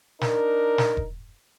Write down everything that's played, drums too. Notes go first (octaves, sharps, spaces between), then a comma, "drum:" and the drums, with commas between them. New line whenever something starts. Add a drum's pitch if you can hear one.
D4 D#4 A#4, drum: snare
drum: snare
drum: kick E1